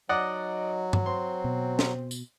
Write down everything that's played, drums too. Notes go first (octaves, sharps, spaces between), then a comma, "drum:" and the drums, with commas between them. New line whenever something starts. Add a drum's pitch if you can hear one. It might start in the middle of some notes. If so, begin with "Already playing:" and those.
F#3 D#4 D5 D#5 F#5
drum: tom G2
C4 C6
B2
drum: snare
drum: tambourine